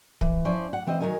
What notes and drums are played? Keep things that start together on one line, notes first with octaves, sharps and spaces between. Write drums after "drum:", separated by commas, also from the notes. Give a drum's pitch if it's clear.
E3, drum: kick
F3 C#4 E4 C5 D5
F#5
E3 C4 C5 D#5
D#3 F3 F#3 D#4 A#4 G#5